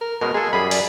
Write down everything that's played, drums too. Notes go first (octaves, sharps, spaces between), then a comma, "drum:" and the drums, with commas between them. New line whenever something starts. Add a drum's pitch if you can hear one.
A#4
B2 G#3 C#4 A#4
G#3 A#3 G#4 A4
F#2 G3 G#4 B5
D5, drum: open hi-hat